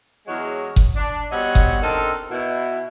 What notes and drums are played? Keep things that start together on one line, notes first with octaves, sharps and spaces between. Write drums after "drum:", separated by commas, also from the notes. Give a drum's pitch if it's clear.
E2 F#3 G#3 F#4 C#5 D#5
drum: kick F#1
D4
B2 G3 C4 C#5 D#5 F#5
drum: kick F#1
C4 D4 D#4 A4 A#4
B2 E4